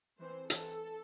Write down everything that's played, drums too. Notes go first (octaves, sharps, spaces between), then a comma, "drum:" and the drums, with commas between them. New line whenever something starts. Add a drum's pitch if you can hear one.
E3 C4 C5
E3 C4 A4, drum: hi-hat